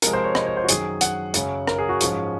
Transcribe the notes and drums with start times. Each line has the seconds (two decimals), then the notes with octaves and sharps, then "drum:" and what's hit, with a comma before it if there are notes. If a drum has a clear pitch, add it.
0.02 C3 F3 G#3 A#4, drum: hi-hat
0.13 C5
0.24 C#5
0.35 D#5, drum: rim click
0.46 C#5
0.57 C5
0.64 F#4
0.69 F#2 D#3 F#3 G#4, drum: hi-hat
1.01 F#5, drum: hi-hat
1.34 F#2 C#3 F#3, drum: hi-hat
1.67 A#4, drum: rim click
1.79 G#4
1.89 F#4
2.01 G#2 F3 G#3 C#4, drum: hi-hat